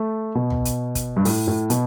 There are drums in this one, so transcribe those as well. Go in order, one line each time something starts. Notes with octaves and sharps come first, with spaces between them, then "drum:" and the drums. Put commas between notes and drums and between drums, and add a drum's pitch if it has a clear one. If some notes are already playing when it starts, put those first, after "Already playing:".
Already playing: A3
B2
drum: tom
drum: hi-hat
drum: kick, hi-hat
G2
A2, drum: open hi-hat
A2
B2, drum: hi-hat